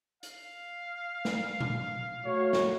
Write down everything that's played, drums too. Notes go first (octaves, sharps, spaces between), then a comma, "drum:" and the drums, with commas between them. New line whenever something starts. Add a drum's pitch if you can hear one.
F5, drum: hi-hat
drum: snare
drum: tom A#2
A3 F#4 C#5
drum: snare